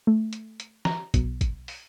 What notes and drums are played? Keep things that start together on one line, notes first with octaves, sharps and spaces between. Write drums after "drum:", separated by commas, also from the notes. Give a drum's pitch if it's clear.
A3
drum: hi-hat
drum: hi-hat
A#5, drum: snare
B1, drum: kick, hi-hat
drum: kick, hi-hat
drum: open hi-hat